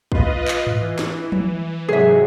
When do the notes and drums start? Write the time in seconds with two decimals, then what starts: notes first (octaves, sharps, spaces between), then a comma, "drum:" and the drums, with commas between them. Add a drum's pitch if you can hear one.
0.12 F4 B4 D#5, drum: kick
0.48 drum: clap
0.67 drum: tom G#2
0.80 E3
0.99 drum: snare
1.32 drum: tom F3
1.89 G#2 C3 F#3 G#4 E5